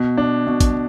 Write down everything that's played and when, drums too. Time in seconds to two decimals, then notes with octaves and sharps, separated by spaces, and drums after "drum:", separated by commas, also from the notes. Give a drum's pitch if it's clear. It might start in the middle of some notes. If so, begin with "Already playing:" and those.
Already playing: B2
0.17 D4
0.47 B2
0.61 drum: kick, hi-hat